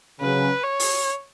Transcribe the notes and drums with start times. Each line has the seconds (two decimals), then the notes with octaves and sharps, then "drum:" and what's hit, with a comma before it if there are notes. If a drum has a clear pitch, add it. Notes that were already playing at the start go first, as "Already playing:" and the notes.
0.21 C#3 F#3 C#4 B4
0.64 C#5
0.80 drum: open hi-hat